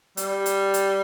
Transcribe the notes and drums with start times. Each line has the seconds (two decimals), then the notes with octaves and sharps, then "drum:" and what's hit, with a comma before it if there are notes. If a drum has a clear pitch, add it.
0.17 G3, drum: hi-hat
0.46 drum: hi-hat
0.74 drum: hi-hat